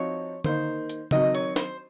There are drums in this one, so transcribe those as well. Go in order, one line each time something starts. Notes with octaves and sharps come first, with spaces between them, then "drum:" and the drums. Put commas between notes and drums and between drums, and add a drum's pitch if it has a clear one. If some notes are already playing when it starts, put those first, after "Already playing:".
Already playing: F3 C4 D#4 F#4 C#5
D#3 A#3 D#4 C5, drum: tom D3
drum: hi-hat
D#3 F#3 C4 F#4 D#5, drum: tom C#3
C#5, drum: hi-hat
C5, drum: snare